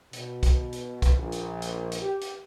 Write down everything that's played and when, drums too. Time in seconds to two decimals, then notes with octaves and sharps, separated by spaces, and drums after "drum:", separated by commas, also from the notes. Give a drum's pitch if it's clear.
0.13 B2, drum: hi-hat
0.43 drum: kick, hi-hat
0.73 drum: hi-hat
1.02 drum: kick, hi-hat
1.18 A#1
1.32 drum: hi-hat
1.62 drum: hi-hat
1.92 drum: hi-hat
2.02 G4
2.21 drum: hi-hat